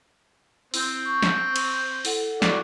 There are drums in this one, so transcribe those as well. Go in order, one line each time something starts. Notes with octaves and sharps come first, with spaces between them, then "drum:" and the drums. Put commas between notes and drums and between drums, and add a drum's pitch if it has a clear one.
C4 E4 C5, drum: open hi-hat
C#6
drum: snare
drum: cymbal
E4 A4 F#5, drum: open hi-hat
F#4 D5, drum: snare